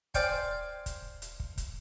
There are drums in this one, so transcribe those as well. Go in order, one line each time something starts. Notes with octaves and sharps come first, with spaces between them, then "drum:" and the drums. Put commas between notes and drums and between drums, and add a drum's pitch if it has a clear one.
C5 D5 F5 G5 G#5, drum: kick, hi-hat
drum: kick, hi-hat
drum: hi-hat
drum: kick
drum: kick, hi-hat